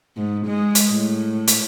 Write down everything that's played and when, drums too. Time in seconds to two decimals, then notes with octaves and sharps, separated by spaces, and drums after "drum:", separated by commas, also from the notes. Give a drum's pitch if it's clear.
0.17 G#2
0.47 G#3
0.75 drum: hi-hat
0.90 A2
1.48 drum: hi-hat